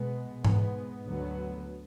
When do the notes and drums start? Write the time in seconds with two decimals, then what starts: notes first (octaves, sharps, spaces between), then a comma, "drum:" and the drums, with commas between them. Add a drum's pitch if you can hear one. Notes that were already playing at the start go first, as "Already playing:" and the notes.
Already playing: B2 G#3 B3
0.45 G#2 G#3 B3, drum: tom G#2
1.06 D2 D3 F#3 B3